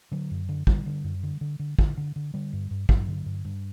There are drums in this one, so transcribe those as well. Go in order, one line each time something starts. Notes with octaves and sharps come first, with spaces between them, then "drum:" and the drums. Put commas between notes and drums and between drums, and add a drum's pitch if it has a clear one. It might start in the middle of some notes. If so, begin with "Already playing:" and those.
D3 F#3
F#2
D3
D3 G3, drum: kick
D3
F#2
D3
D3
D3
D3, drum: kick
D3
D3
D3 G3
G2
G2
G2 F#3, drum: kick
D3
G2
G2